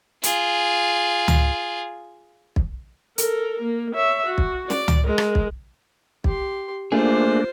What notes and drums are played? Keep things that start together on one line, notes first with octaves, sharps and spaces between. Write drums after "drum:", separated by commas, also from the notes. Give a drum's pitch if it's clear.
F4 G#4, drum: hi-hat
drum: tom C#2
drum: kick
A4 A#4, drum: hi-hat
A#3
C#5 E5
F#4
drum: kick
D5, drum: snare
drum: tom C#2
G#3 A#4
drum: rim click
drum: kick
G4 C6, drum: kick
A3 A#3 D4 F4 G#4 C5